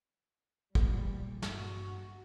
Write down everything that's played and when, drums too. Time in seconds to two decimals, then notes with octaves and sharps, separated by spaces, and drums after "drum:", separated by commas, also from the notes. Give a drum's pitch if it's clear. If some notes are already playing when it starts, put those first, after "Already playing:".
0.75 A#2 E3 G3, drum: kick
1.42 G2 F#4, drum: snare